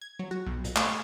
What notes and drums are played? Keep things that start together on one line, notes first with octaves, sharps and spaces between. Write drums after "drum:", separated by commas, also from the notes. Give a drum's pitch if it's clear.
G#6
F#3
F#4
B1
A#2, drum: hi-hat
A3, drum: clap
G#5